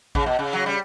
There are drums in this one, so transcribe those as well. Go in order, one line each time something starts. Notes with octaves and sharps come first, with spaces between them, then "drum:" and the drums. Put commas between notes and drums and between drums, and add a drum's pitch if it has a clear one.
C#3, drum: kick A1
B2
C#3
F#3
G3